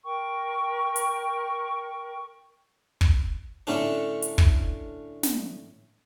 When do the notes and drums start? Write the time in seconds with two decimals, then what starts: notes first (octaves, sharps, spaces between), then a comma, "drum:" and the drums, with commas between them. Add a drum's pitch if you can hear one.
0.05 A#4 G5 C#6
0.96 drum: hi-hat
3.01 drum: kick
3.67 A2 D3 A3 C#4 D4
4.22 drum: hi-hat
4.38 drum: kick
5.23 drum: snare